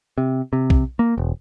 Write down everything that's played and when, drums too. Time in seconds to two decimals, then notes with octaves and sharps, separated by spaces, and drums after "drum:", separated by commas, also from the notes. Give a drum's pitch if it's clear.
0.18 C3
0.53 C3
0.70 drum: kick B1
0.99 A#3
1.18 E1